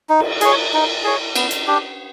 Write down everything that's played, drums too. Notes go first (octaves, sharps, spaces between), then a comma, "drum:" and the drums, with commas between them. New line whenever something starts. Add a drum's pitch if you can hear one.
D#4
drum: cymbal
G#4 C#5, drum: hi-hat
D#4
G#4 C#5
B3, drum: cymbal
drum: hi-hat
D4 G4